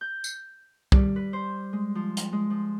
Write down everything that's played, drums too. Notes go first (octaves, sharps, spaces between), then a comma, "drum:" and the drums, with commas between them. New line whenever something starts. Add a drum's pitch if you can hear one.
G6
drum: tambourine
G3, drum: kick
B4
C5
G#3
F3
drum: hi-hat
G#3
F3